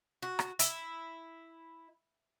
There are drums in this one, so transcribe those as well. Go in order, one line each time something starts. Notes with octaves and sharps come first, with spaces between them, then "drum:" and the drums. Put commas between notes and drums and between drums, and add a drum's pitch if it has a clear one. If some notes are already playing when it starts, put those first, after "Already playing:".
F#4
drum: rim click
E4, drum: hi-hat